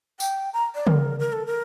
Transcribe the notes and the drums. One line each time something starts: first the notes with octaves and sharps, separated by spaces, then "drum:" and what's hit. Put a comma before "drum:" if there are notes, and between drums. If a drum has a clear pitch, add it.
G5, drum: tambourine
A#5
D5
A#4, drum: tom C#3
A#4
A4
A#4